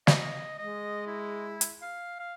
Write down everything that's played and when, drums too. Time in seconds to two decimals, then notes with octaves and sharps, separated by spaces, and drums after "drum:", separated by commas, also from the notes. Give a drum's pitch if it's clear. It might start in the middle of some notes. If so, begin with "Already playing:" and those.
0.07 D#5, drum: snare
0.59 G#3 D#5
1.07 E4
1.61 drum: hi-hat
1.82 F5
2.19 F5